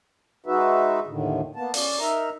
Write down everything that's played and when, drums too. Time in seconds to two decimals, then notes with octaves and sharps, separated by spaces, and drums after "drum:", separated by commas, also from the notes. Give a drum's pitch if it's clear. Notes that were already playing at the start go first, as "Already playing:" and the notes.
0.46 G#3 D#4 F#4 B4 E5
1.07 D#2 A2 D3 D#3
1.56 A#3 B3 A5
1.74 C#4 D5, drum: open hi-hat
1.99 D#4 A#4 E5 A#5